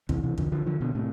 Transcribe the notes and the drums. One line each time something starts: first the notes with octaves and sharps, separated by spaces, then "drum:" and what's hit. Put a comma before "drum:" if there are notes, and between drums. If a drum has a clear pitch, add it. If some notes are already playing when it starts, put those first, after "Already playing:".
C3 E3, drum: kick
C3 E3
D3 F3, drum: kick
D3 F3
D3 F3
B2 D3
A2 C3